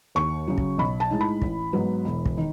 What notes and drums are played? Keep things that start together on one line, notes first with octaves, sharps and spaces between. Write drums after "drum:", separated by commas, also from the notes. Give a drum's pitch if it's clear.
D#2 C#6
C#3 F#3
drum: kick
B1 B5
A5
A2 G#3 D#4
B5
A1, drum: kick
G#2 F#3 B3
E1
drum: kick
D#3